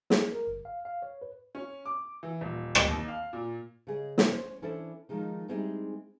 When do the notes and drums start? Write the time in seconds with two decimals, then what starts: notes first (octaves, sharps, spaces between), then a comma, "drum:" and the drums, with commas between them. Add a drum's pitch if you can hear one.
0.10 G#4, drum: snare
0.32 A#4
0.47 G1
0.65 F5
0.85 F5
1.02 C#5
1.22 B4
1.55 C#4
1.86 D6
2.23 E3
2.41 D#1
2.75 A1, drum: rim click
2.88 D#2
3.08 F5
3.33 A#2
3.87 C#3 G#4 D#5
4.18 drum: snare
4.32 C#4 C5
4.62 E3 C#4 D4 E4 A4 C5
5.09 D#3 F3 G#3 D#4
5.48 G3 G#3 C4 D#4 E4 G#4